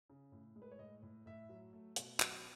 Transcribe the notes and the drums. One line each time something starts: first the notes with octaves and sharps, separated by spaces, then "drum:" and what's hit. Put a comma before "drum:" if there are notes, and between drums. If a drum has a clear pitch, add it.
C#3
A2
G#3
B4
C#5
A2 D#5
A2
A2 E5
F#3
A3
B2, drum: hi-hat
F#3 F#5, drum: clap